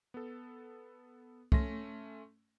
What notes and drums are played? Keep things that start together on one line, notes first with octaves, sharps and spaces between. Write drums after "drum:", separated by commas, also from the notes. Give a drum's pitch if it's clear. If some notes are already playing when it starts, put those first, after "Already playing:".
B3 A4
A3 C#4 C6 A#6, drum: kick